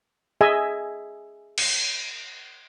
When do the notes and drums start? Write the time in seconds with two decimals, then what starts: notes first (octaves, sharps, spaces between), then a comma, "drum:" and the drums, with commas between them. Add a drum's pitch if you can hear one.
0.41 G#4 D#5 E5 G#5
1.58 drum: cymbal